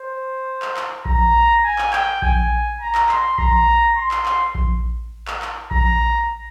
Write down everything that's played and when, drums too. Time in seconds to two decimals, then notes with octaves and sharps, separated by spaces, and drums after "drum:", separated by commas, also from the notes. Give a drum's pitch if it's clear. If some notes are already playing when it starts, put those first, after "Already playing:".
Already playing: C5
0.62 drum: clap
0.77 drum: clap
1.05 A#5, drum: kick A#1
1.64 G#5
1.78 drum: clap
1.93 G5, drum: clap
2.22 G#5, drum: kick A#1
2.80 A#5
2.95 drum: clap
3.09 C6, drum: clap
3.38 A#5, drum: kick A#1
3.97 C6
4.11 drum: clap
4.26 drum: clap
4.55 drum: kick A#1
5.27 drum: clap
5.42 drum: clap
5.71 A#5, drum: kick A#1